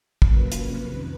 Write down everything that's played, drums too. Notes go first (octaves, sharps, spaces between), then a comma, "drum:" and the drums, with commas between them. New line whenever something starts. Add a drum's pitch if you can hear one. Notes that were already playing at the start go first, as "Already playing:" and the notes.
C#3 F#3 A#3 B4, drum: kick
C3 F3 A#3 C#4, drum: hi-hat
F2 C3 D#3